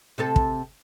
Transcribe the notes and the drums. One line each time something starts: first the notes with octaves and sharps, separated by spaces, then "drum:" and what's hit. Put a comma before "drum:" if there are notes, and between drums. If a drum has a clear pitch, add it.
C3 C4 A4
drum: kick